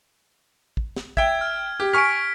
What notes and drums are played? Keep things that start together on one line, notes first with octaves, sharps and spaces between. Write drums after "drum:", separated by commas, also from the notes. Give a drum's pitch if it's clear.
drum: kick
drum: snare
E5 G5 G#6, drum: kick
F6
G4
G#5 C#6 F6 B6 D7